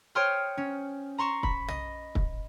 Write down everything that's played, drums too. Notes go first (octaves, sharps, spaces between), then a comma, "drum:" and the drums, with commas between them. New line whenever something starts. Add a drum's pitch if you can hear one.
C5 C#5 G5 C6 D#6 F6
C#4
A#5 C6 C#6 E7
B5, drum: kick
D#5, drum: tom
drum: kick